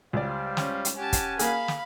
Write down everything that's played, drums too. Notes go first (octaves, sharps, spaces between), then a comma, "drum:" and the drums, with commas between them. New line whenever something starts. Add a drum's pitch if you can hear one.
C#2 G3 C5 D5 F5
C#4, drum: snare
drum: hi-hat
C#4 G4 F#5 G#5 A5
drum: kick, hi-hat
A#3 G#4 F5 B5, drum: hi-hat
drum: snare